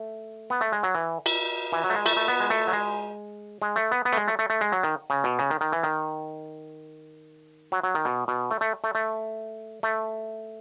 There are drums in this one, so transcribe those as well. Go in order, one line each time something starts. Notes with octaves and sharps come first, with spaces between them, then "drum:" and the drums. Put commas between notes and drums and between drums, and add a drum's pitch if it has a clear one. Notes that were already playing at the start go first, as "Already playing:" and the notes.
Already playing: A3
B3
A3
G#3
F#3
E3
drum: cymbal
E3
F#3
A3
G#3
A3, drum: cymbal
A3
B3
G#3
A3
F#3
G#3
G#3
A3
B3
B3
A3
G#3
A3
A3
A3
G#3
F#3
D#3
C#3
B2
C#3
D#3
D#3
E3
D#3
F#3
F#3
D#3
B2
B2
A3
A3
A3
A3
A3